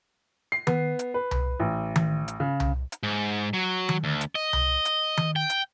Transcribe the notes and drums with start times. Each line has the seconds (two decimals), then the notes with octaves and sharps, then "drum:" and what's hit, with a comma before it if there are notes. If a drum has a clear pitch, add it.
0.52 C7
0.67 B3, drum: tom D#3
0.99 drum: hi-hat
1.14 B4
1.31 drum: tom C2
1.60 A1
1.96 drum: tom D#3
2.28 drum: hi-hat
2.40 C#3
2.60 drum: tom C2
2.92 drum: hi-hat
3.03 G#2
3.53 F#3
3.89 drum: tom D#3
4.04 D2
4.21 drum: hi-hat
4.35 D#5
4.53 drum: tom C2
4.85 drum: hi-hat
5.17 drum: tom D#3
5.36 G5
5.50 drum: hi-hat